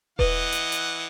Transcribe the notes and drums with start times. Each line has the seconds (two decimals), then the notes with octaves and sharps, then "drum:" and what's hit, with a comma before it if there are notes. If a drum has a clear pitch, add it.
0.19 E3 B4 D#5 F#5, drum: kick D#1
0.52 drum: hi-hat
0.72 drum: hi-hat